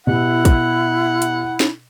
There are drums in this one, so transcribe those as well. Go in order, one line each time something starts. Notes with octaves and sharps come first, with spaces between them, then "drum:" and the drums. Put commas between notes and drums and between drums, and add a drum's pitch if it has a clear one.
B2 E4 G4 F#5
drum: kick, hi-hat
drum: hi-hat
drum: snare